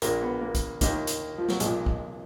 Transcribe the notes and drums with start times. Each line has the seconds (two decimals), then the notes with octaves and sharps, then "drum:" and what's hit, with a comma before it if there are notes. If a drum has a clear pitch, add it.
0.02 A#1 A#2 A#3, drum: hi-hat
0.22 B3
0.41 A#3
0.55 drum: kick, hi-hat
0.81 D#2 D#3 A#3, drum: kick, hi-hat
1.07 drum: hi-hat
1.38 F3
1.49 F#3, drum: snare
1.60 B1 A#2 G#3, drum: hi-hat
1.86 drum: kick